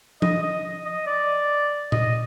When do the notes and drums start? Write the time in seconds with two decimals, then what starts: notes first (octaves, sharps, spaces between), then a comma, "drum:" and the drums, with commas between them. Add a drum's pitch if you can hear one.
0.22 D#5, drum: tom
0.43 D#5
0.85 D#5
1.07 D5
1.92 D#5, drum: tom A#2